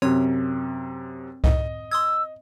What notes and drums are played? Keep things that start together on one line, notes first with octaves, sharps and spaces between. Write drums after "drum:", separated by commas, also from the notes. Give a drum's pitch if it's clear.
F#2 C3 C4 C#5
C2 F2 G#2 D#5, drum: kick C#2
C6 D#6 E6 G#6